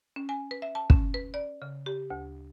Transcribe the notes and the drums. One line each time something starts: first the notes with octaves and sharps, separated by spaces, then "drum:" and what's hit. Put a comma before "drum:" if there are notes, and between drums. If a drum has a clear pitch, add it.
C#4
G#5
B4
E5
A5
C#4, drum: kick
B4
D5
C#3
G4
D2